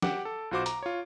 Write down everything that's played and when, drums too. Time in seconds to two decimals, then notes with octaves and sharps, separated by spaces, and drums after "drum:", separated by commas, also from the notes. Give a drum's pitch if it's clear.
0.02 G4 F#5 D6, drum: snare
0.25 A4
0.51 B1 F4 F#4 C5 D6
0.66 A#5, drum: hi-hat
0.83 F4 C#5